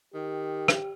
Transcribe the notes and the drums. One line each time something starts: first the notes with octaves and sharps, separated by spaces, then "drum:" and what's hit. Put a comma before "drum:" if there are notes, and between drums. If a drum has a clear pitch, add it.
D#3 G4
drum: rim click